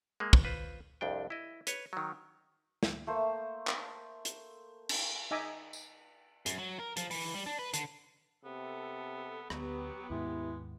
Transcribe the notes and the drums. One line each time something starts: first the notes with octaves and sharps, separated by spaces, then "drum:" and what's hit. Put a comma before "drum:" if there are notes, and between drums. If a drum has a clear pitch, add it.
G#3 A#3
drum: kick
F4 B4 C5
C2 F2 D4 G5
E4 D#5
B4 C#5, drum: hi-hat
D#3 F#3
drum: snare
A3 A#3 C5
drum: clap
drum: hi-hat
drum: cymbal
D#4 D#5 E5 G#5 D6
drum: tambourine
F#2, drum: hi-hat
F#3
A#4
F3, drum: hi-hat
E3, drum: open hi-hat
G3
D4
B4
D3, drum: hi-hat
C3 B3 A4
D2 F#3 B3 G4, drum: rim click
D#2 G#2 G#3 E4